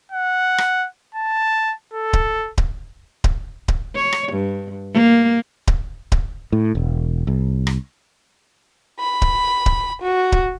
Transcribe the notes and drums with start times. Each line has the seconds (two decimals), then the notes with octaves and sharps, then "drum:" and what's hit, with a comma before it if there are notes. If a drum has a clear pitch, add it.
0.11 F#5
0.58 drum: rim click
1.14 A5
1.93 A4
2.13 drum: kick D1
2.58 drum: kick D1
3.24 drum: kick D1
3.68 drum: kick D1
3.95 C#5
4.13 drum: rim click
4.32 G2
4.94 A#3
5.67 drum: kick D1
6.12 drum: kick D1
6.52 A2
6.75 E1
7.27 C2
7.67 drum: rim click
8.99 B5
9.22 drum: kick D1
9.66 drum: kick D1
10.02 F#4
10.32 drum: kick D1